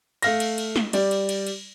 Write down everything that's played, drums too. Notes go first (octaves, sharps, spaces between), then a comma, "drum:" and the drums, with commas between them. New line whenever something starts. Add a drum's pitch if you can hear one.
A3 F5 A#6, drum: cymbal
drum: cymbal
drum: cymbal
drum: snare
G3 D5, drum: cymbal
drum: cymbal
drum: cymbal
drum: cymbal